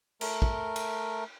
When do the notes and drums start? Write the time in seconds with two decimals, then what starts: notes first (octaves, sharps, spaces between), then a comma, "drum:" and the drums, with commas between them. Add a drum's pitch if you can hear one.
0.21 A3 A#4, drum: cymbal
0.42 drum: kick
0.76 drum: cymbal